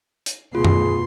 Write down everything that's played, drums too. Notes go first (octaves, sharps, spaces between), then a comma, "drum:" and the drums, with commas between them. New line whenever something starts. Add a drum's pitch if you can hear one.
drum: hi-hat
D2 B2 F4 G#4 C6
drum: tom F#2